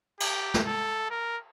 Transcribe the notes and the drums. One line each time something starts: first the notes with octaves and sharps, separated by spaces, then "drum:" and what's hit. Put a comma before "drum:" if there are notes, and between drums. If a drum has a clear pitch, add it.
G4, drum: cymbal
drum: snare
A4
A#4